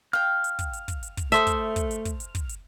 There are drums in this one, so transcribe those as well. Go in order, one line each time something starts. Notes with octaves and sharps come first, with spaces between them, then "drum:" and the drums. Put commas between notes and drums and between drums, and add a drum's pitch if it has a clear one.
F5 G5 F6
drum: hi-hat
drum: kick, hi-hat
drum: hi-hat
drum: kick, hi-hat
drum: hi-hat
drum: kick, hi-hat
A3 A4 C5 E5 D#6, drum: hi-hat
drum: kick, hi-hat
drum: kick, hi-hat
drum: hi-hat
drum: kick, hi-hat
drum: hi-hat
drum: kick, hi-hat
drum: hi-hat